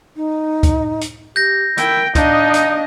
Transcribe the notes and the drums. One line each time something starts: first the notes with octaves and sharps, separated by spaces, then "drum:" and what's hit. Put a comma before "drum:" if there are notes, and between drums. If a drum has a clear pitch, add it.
D#4
drum: kick C#2, hi-hat
drum: hi-hat
G4 G6 A#6
E4 A#4 G5, drum: hi-hat
D4 D#4 D#5 F5, drum: kick C#2, hi-hat
drum: hi-hat